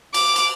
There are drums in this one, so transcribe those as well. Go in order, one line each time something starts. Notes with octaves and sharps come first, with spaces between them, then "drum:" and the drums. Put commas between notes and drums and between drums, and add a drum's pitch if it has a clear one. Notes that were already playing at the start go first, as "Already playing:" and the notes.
D6, drum: cymbal
drum: cymbal